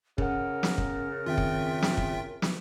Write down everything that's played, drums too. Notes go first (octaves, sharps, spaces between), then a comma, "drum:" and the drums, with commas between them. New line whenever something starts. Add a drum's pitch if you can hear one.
C#3 C#4 A#4 F#5, drum: kick
drum: snare
drum: kick
F2 D#3 C4 F4 E5 G5
drum: kick
drum: snare
drum: kick
drum: snare